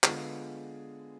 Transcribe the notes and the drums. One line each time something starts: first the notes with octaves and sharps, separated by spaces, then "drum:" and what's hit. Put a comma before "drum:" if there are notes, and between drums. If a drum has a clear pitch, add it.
D3 G#3 B3 F4 G#4, drum: clap